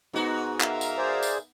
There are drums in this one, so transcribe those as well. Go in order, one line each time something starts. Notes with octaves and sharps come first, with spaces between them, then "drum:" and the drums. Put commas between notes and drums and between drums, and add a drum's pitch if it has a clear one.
G#2 B3 D#4 F#4 F#5
A#4 E5 F5, drum: clap
drum: tambourine
G#4 C5 D5
drum: tambourine